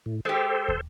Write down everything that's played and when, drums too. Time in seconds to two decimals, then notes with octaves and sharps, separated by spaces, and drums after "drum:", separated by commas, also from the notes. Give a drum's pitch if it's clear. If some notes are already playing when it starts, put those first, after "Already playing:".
0.06 A2
0.25 G#3 G4 A4 C5
0.68 drum: kick